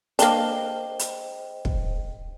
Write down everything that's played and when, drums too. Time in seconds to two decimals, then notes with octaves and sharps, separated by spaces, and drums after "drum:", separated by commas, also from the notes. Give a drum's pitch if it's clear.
0.19 A#3 D4 G#4 C5 D#5 G5 G7, drum: hi-hat
0.99 drum: hi-hat
1.65 drum: kick